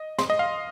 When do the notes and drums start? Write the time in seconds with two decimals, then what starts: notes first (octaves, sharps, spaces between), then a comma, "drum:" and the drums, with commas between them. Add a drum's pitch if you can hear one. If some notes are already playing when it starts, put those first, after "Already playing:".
Already playing: D#5
0.18 C6, drum: snare
0.30 D#5
0.39 F5